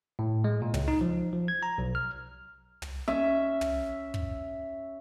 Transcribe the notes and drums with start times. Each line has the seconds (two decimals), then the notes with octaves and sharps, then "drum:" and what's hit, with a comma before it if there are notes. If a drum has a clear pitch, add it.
0.19 A2
0.44 G#3
0.62 A#2
0.74 C#2, drum: tom
0.88 D#4
1.01 F3
1.33 F3
1.48 G#6
1.63 A#5
1.78 B1
1.95 F6
2.82 drum: tom
3.08 C#4 E5
3.61 drum: tom
4.14 drum: kick